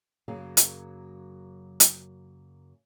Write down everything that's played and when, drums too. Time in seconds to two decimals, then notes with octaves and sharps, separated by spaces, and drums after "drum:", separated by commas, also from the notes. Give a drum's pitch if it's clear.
0.28 F#2 C#3 F#3 A#3 G#4 F5
0.57 drum: hi-hat
1.80 drum: hi-hat